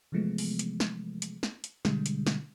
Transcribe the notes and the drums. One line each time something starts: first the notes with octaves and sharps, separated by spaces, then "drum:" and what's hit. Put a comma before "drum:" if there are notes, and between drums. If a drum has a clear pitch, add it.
C3 E3 F3 G#3 A3 B3
drum: open hi-hat
drum: hi-hat
drum: snare
drum: hi-hat
drum: snare
drum: hi-hat
B2 D3 G3 G#3, drum: snare
drum: hi-hat
drum: snare